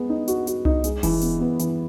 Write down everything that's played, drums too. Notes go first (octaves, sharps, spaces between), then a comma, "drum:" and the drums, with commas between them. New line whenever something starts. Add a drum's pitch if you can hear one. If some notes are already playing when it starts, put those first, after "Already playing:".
Already playing: G#3 B3
D#4
F#4, drum: hi-hat
F#4, drum: hi-hat
D#4, drum: tom C2
G#3, drum: hi-hat
E3, drum: kick F1, open hi-hat
B3, drum: hi-hat
B3
E3, drum: hi-hat